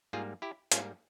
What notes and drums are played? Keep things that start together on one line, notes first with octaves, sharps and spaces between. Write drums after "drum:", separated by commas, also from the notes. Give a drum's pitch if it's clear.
G#2 G3 A#3 F4 G#4
E4 G4
G#2 G3 A#3 C#4 F4, drum: hi-hat